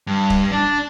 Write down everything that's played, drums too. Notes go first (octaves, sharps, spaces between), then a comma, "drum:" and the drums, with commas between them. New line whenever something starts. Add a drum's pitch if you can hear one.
G2
drum: kick
D4